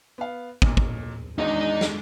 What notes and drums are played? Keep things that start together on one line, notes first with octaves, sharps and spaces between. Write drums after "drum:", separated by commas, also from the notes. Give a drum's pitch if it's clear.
B3 F5
B1 A#2, drum: kick
drum: kick
G#1 E2 G#3 D4 D#4 D#5
drum: snare